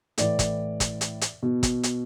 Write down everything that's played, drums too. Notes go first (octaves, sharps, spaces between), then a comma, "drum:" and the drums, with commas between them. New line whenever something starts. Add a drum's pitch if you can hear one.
A2 E3 D5, drum: hi-hat
drum: kick, hi-hat
drum: kick, hi-hat
drum: hi-hat
drum: hi-hat
B2
drum: kick, hi-hat
drum: hi-hat